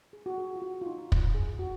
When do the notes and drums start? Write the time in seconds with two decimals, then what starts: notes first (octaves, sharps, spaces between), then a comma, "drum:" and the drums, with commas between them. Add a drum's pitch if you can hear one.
0.13 G#4
0.26 F#4
0.38 G#4
0.56 F4
0.62 F#4
0.81 F4
0.86 D#4
1.12 drum: kick
1.34 G#4
1.59 F#4